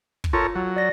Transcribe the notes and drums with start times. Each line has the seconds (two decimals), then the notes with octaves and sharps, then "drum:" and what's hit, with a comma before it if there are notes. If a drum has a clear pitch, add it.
0.24 drum: kick
0.33 F4 A4 A#4 C#5
0.55 F#3
0.76 D5 A#6